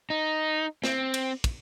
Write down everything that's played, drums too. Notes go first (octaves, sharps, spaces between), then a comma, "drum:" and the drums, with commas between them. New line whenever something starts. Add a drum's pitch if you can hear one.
D#4
C4, drum: snare
drum: cymbal
drum: kick, cymbal